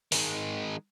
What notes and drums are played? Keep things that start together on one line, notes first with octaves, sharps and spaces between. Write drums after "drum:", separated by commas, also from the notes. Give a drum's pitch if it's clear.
D#3 G#3, drum: open hi-hat